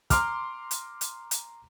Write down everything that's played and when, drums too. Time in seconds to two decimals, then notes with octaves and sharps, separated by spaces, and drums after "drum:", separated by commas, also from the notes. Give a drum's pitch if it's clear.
0.10 A#5 C6 D6 F6, drum: kick, hi-hat
0.71 drum: hi-hat
1.01 drum: hi-hat
1.31 drum: hi-hat